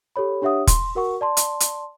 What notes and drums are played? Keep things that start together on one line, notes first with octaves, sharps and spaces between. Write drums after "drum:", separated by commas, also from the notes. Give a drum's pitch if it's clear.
G4 A4 C#5 B5
D4 G4 C#5 E5 F#5 D#6
C6, drum: kick, hi-hat
F#4 A#4 F#5 C#6
D5 A5 C6
drum: hi-hat
drum: hi-hat